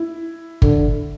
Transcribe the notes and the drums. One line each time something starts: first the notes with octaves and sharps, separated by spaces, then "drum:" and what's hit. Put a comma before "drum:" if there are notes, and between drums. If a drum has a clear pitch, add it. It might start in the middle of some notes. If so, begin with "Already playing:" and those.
Already playing: E4
D3, drum: kick G1